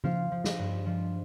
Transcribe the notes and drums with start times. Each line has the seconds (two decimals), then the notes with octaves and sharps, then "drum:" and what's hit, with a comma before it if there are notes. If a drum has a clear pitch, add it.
0.04 F3 F5, drum: tom C#3
0.32 F3
0.44 D#5, drum: snare
0.59 G2
0.86 F3